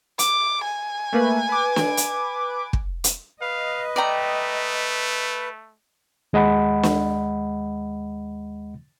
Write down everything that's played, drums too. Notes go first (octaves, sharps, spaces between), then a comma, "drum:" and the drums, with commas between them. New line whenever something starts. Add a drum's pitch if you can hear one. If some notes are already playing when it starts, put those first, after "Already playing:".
D6, drum: hi-hat
G#5
A3 A#3 B4
B4 D6
drum: snare
drum: hi-hat
drum: kick
drum: hi-hat
B4 D#5 F5
A3 D5 G5 A#5
D#2 G#3 D#5 F#5 B5
drum: snare